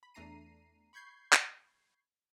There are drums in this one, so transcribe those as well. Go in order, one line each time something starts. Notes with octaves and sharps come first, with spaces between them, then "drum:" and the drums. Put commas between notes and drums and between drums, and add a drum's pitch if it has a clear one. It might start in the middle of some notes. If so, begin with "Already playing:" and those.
B5
E2 A3 D4 A#5 C7 D#7
B5 C#6 G6 G#6 C7
drum: clap